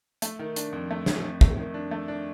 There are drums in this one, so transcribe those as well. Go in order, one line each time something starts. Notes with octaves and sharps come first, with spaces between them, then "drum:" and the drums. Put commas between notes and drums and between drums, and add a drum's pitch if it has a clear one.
A3, drum: hi-hat
D#3
D4, drum: hi-hat
F2
A3
F2, drum: snare
F2
A3, drum: kick
D#3
D4
A3
D4